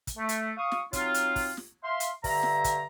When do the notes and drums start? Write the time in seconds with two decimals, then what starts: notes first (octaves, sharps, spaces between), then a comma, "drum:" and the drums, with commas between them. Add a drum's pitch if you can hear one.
0.07 drum: kick, hi-hat
0.17 A3
0.29 drum: hi-hat
0.57 F5 C#6 D#6
0.72 drum: snare
0.93 F#3 C4 D#4 F4, drum: kick, hi-hat
1.14 drum: hi-hat
1.36 drum: kick, open hi-hat
1.57 drum: snare
1.84 E5 F5 C6
2.00 drum: hi-hat
2.24 G2 D3 E5 A#5, drum: kick, open hi-hat
2.43 drum: snare
2.64 drum: kick, hi-hat